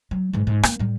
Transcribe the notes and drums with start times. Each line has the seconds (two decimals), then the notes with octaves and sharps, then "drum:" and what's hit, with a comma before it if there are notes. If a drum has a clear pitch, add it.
0.11 F#3
0.33 G#2 E3
0.47 G#2
0.63 A#3, drum: rim click
0.79 A2 G3